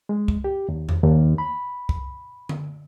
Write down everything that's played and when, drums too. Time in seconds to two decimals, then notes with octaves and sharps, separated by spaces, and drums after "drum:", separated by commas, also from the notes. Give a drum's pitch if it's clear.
0.09 G#3
0.28 drum: kick C2
0.44 G4
0.69 D#2
0.89 drum: tom E2
1.03 D#2
1.38 B5
1.89 drum: kick C2
2.49 drum: tom D3